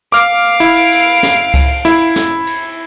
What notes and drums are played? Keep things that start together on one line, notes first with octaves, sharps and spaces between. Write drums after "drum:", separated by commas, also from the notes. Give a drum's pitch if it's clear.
F5 D6 F6 D7
E4
drum: cymbal
drum: snare
drum: kick C#2, cymbal
E4, drum: snare
drum: snare
drum: cymbal